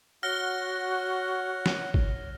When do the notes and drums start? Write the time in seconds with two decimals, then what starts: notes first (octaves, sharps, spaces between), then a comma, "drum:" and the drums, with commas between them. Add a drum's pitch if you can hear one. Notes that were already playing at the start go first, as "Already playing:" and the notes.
0.23 F#4 C#5 F#5 F6 A#6 G7
1.66 drum: snare
1.94 drum: kick